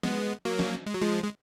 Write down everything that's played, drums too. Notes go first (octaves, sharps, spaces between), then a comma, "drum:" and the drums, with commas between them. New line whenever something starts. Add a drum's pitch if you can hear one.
G#3 B3, drum: snare
F#3 A#3
drum: snare
G#3
F#3
F3 G#3
G#3